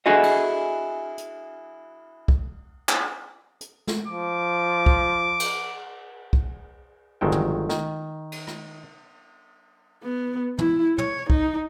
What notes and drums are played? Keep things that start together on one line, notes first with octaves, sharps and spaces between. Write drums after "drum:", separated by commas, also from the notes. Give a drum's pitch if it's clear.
D4 E4 F#4 G#4 A4 D#5
drum: cymbal
drum: hi-hat
drum: kick C2
drum: clap
drum: hi-hat
drum: snare
F3 D6
drum: kick C2
drum: cymbal
drum: kick C2
G1 D#3 F#3 G#3 A4 G5
drum: tom
D#3, drum: snare
drum: cymbal
drum: rim click
B3
E4, drum: tom
C#5, drum: tom
D#4, drum: kick C2